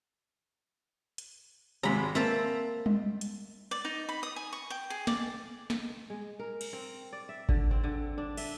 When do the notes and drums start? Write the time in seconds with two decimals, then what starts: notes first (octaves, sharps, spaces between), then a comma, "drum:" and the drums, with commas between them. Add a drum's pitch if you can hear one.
1.18 drum: hi-hat
1.83 G#1 G#2 C3 A#5 B5
2.15 A#3 C4 E5 A5
2.86 drum: tom G3
3.21 drum: hi-hat
3.71 D5
3.85 D#4
4.08 B5
4.23 D#6
4.36 G#5
4.53 C#6
4.70 G5
4.90 G#4
5.07 D5, drum: snare
5.70 drum: snare
6.10 G#3
6.39 A#4
6.61 drum: cymbal
6.73 C4
7.13 D5
7.29 E5
7.49 D3, drum: kick G#1
7.71 C4
7.84 D3
8.18 D4
8.37 E5, drum: cymbal